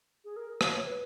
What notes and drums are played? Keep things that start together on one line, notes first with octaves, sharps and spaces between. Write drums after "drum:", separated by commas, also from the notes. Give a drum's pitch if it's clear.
G#4
A#4
C#5, drum: rim click
C#5
B4